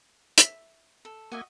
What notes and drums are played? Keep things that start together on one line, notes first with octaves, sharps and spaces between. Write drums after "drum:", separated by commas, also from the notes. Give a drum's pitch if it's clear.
E5, drum: hi-hat
A4
A#3 F#4 D#5 E5 G#5